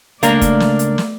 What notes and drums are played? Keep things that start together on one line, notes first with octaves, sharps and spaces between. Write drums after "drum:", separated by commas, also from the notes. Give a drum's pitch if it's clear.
C#2 A3 A#3 D4 A#4 D5, drum: hi-hat
drum: kick F#1, hi-hat
drum: snare
drum: hi-hat
drum: snare